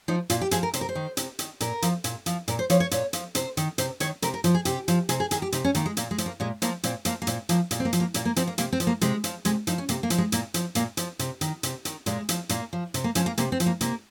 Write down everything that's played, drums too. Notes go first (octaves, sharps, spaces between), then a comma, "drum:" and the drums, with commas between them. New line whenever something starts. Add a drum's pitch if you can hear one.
F3 D#4
A#2 F4, drum: hi-hat
G4
F3 G#4, drum: hi-hat
A#4
C3 C5, drum: hi-hat
A#4
C5
D#3
C3, drum: hi-hat
D#3, drum: hi-hat
A#2 A#4, drum: hi-hat
F3, drum: hi-hat
A#2, drum: hi-hat
F3, drum: hi-hat
A#2 A#4, drum: hi-hat
C5
F3 C#5, drum: hi-hat
C#5
A#2 C#5, drum: hi-hat
F3, drum: hi-hat
C3 C5, drum: hi-hat
D#3, drum: hi-hat
C3 C5, drum: hi-hat
D#3 C#5, drum: hi-hat
C3 A#4, drum: hi-hat
A#4
F3, drum: hi-hat
G#4
C3 G4, drum: hi-hat
F3, drum: hi-hat
C3 G#4, drum: hi-hat
G#4
D#3 G#4, drum: hi-hat
G4
C3 D#4, drum: hi-hat
C#4
D#3 A#3, drum: hi-hat
G#3
A#2 A#3, drum: hi-hat
G#3
F3, drum: hi-hat
A#3
A#2 G#3
F3 A#3, drum: hi-hat
A#2 C4, drum: hi-hat
F3 A#3, drum: hi-hat
A#3
A#2 C4, drum: hi-hat
F3 A#3, drum: hi-hat
A#2 G#3, drum: hi-hat
C4
A#3
F3, drum: hi-hat
A#3
A#2 A#3, drum: hi-hat
A#3
F3 C4, drum: hi-hat
A#3
C3 A#3, drum: hi-hat
C4
F3, drum: hi-hat
A#3
C3 G#3, drum: hi-hat
F3, drum: hi-hat
C3 G#3, drum: hi-hat
F3 D#4, drum: hi-hat
C#4
C3 A#3, drum: hi-hat
A#3
F3, drum: hi-hat
G#3
A#2 A#3, drum: hi-hat
F3, drum: hi-hat
A#2 A#3, drum: hi-hat
F3, drum: hi-hat
C3, drum: hi-hat
D#3, drum: hi-hat
C3, drum: hi-hat
D#3, drum: hi-hat
A#2 G#3, drum: hi-hat
F3, drum: hi-hat
A#2 A#3, drum: hi-hat
F3
C3, drum: hi-hat
A#3
F3 C#4, drum: hi-hat
A#3
C3 A#3, drum: hi-hat
C4
F3, drum: hi-hat
A#3
C3 A#3, drum: hi-hat